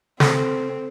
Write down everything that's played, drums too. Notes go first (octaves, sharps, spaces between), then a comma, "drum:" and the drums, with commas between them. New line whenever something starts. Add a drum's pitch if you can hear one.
C4 A4, drum: snare